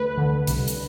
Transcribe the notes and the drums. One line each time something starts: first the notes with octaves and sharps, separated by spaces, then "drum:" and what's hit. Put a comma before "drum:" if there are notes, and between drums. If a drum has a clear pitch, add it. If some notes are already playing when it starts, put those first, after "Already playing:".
Already playing: D2 A3 B4
D3
C2, drum: hi-hat
drum: hi-hat